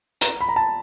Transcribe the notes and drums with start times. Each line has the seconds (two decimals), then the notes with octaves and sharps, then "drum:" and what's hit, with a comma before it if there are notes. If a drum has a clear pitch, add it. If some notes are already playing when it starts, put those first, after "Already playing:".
0.21 A#5, drum: hi-hat
0.41 B5
0.49 A#5
0.56 A5